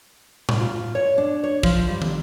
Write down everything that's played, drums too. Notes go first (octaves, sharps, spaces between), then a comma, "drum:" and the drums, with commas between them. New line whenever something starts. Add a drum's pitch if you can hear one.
drum: tom A2
F4
C#5
D4
C#5
F3, drum: kick
G3
drum: tom